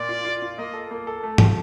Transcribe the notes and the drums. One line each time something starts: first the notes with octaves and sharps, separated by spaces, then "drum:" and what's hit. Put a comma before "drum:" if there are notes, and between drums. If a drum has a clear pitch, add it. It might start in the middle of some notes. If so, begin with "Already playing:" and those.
Already playing: A#2 D5
F4
F4
F4
A#3 D#5
A4
A#3
A4
A3
F3, drum: tom G#2